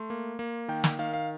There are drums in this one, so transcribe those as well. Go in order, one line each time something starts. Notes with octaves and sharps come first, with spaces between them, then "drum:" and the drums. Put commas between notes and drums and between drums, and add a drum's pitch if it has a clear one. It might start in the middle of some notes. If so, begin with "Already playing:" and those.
Already playing: A3 C6
A#3
A#3
D#3 G5
G5, drum: snare
D#3 F5
F5